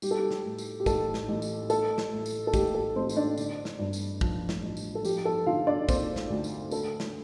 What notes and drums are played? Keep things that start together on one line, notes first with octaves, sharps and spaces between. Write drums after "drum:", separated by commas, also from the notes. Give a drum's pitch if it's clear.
G3 G4, drum: tambourine
A4
G4
drum: snare
A2
drum: tambourine
G4
A1 A4, drum: kick, tambourine
drum: snare
A1
drum: tambourine
A3 A4, drum: tambourine
drum: snare
A2
drum: tambourine
A4
A1 G4, drum: kick, tambourine
A4
A1 C4 C5
C5, drum: tambourine
D4 D5
D3, drum: tambourine
drum: snare
G2
drum: tambourine
F3, drum: kick
drum: snare
A1
drum: tambourine
A4
F3 G4, drum: tambourine
A4
D3 F4 F5
D4 D5
A#3 C4 C5, drum: kick, tambourine
drum: snare
D2
drum: tambourine
D3 A4, drum: tambourine
drum: snare